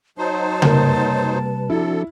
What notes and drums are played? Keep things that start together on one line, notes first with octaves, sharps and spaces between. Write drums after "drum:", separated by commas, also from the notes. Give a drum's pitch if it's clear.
F#3 D#4 C5 A5
F#1 C3 G3 A#4 B4, drum: tom C#3
C3 F3 D4 E4 F#4 A4